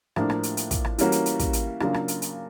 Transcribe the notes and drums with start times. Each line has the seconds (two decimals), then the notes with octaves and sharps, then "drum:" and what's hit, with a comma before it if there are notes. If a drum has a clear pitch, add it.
0.16 A2 F3 A#3 D4, drum: rim click
0.30 drum: rim click
0.43 drum: hi-hat
0.57 drum: hi-hat
0.71 drum: kick, hi-hat
0.85 drum: rim click
0.98 E3 G3 A#3 C#4 F#4, drum: hi-hat
1.12 drum: hi-hat
1.26 drum: hi-hat
1.39 drum: kick, hi-hat
1.53 drum: hi-hat
1.80 C#3 F#3 A#3 D4 F4, drum: rim click
1.94 drum: rim click
2.08 drum: hi-hat
2.22 drum: hi-hat